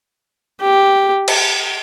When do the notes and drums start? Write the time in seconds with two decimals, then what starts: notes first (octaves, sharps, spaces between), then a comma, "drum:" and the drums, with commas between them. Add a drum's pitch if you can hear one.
0.61 G4
1.28 drum: cymbal